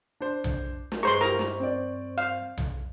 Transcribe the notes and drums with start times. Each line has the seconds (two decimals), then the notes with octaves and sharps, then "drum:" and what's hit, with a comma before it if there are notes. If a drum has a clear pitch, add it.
0.20 D4 C5
0.44 drum: tom B1
0.92 drum: snare
1.03 G2 G#3 B4 C5 A#5 C6 C#6 F#7
1.21 E4 G4 A#4 A#5
1.39 drum: snare
1.60 C4 D5
2.18 F5
2.58 drum: tom B1